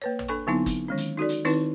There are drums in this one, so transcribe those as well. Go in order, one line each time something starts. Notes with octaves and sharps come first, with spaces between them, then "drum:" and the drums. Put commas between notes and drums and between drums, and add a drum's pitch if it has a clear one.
A#3 B4 C#5
drum: tom
D4 A4 G#5 C#6
D3 F#3 B3 C4 D#4 E4
drum: kick, hi-hat
D#3 G#3 C#4
drum: hi-hat
D#4 F#4 A4 D5
drum: hi-hat
D#3 C4 D#4 E4 B4, drum: open hi-hat